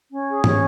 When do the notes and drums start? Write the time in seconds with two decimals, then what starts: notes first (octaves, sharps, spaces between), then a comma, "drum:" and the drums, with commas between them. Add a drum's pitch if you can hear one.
0.11 C#4
0.28 G#4
0.44 C#4, drum: tom G#2